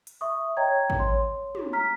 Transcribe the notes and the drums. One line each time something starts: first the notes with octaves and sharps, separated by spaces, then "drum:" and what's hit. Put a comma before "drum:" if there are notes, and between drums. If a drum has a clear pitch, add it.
drum: hi-hat
E5 C#6 D#6
C#5 D#5 G5 A#5 G#6
drum: kick A1
C#5 C6
drum: tom
A#5 F6 B6